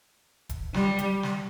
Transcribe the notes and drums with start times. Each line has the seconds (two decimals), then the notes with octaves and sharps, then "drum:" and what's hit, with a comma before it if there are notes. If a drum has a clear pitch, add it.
0.49 drum: kick E1, hi-hat
0.74 G3, drum: snare
0.99 drum: hi-hat
1.23 drum: snare